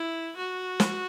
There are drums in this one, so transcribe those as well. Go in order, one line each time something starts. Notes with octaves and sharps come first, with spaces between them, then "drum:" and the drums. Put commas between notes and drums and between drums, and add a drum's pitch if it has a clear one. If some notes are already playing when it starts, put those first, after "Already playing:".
Already playing: E4
F#4
drum: snare